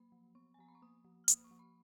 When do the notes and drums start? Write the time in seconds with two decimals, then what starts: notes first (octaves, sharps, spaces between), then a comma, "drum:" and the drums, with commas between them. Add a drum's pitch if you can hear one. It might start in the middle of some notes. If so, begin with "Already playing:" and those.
Already playing: F#3 A#3 B5
0.12 F3
0.35 B3 C#6
0.54 G#5
0.59 F3 A#5
0.68 B5
0.75 C#6
0.82 A#3 D#6
1.04 F3
1.24 F6
1.28 A#3 D#6, drum: hi-hat
1.44 C#6
1.51 F3
1.59 B5